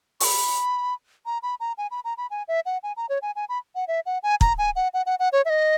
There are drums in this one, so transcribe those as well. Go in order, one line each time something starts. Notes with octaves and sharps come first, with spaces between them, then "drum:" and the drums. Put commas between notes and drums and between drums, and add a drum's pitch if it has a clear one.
C#6, drum: open hi-hat
B5
A#5
B5
A#5
G#5
B5
A#5
B5
G#5
E5
F#5
G#5
A#5
C#5
G#5
G#5
B5
F#5
E5
F#5
G#5
A#5, drum: kick
G#5
F#5
F#5
F#5
F#5
C#5
E5
D#5